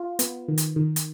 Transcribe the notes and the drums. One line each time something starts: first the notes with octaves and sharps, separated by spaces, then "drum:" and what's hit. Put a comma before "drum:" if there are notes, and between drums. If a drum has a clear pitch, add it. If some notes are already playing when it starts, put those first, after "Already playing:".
Already playing: F4
B3, drum: hi-hat
D#3
drum: hi-hat
D#3
drum: hi-hat